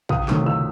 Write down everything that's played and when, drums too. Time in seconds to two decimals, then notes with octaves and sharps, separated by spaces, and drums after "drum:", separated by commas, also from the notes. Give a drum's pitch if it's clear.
0.09 C#2 D#6, drum: kick
0.28 C3 D#3 F#3 A3, drum: clap
0.46 C#2 E6